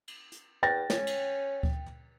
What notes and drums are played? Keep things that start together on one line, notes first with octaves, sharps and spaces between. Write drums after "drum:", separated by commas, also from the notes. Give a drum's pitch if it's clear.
drum: cymbal
drum: hi-hat
E2 G5 A6 A#6
C#4, drum: snare
drum: cymbal
drum: kick D2